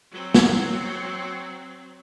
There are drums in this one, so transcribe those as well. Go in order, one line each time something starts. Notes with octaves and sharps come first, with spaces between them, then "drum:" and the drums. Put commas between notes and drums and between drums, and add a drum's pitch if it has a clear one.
F#3 C4
drum: snare